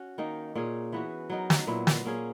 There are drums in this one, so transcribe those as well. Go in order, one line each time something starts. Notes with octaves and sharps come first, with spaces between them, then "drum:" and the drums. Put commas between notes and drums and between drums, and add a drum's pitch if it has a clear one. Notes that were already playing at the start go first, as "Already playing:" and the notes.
Already playing: C#4 F#4
D#3 A#3 D#4
A#2 A#3 C#4 G#4
E3 B3 F#4
F#3 B3 D#4 A#4
drum: snare
A#2 F#3 B3 E4
drum: snare
A#2 A#3 C#4 G#4